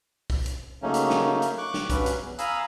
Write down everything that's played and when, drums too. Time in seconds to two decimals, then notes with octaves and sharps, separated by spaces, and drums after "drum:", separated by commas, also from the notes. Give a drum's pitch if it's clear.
0.30 drum: kick, open hi-hat
0.46 drum: hi-hat
0.82 C#3 F#3 A3 A#3 C#4 D#4
0.94 drum: hi-hat
1.10 drum: snare
1.42 drum: hi-hat
1.58 C#6 D6 F#6
1.74 drum: snare
1.90 G2 F#3 C#4 B4, drum: kick, hi-hat
2.06 drum: hi-hat
2.18 E2
2.38 F5 G#5 A#5 B5 D#6 E6, drum: hi-hat